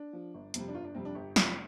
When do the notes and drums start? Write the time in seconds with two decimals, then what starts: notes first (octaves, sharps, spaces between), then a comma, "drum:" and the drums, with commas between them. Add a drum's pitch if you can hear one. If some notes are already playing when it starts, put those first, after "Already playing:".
Already playing: D4
0.13 F3
0.34 G1
0.54 F2 C3 G3, drum: hi-hat
0.68 D4
0.74 G1 F4
0.84 D4
0.95 F2 C3 G3 C4
1.05 D4
1.15 G1 G4
1.36 F2 C3 G3 F4, drum: snare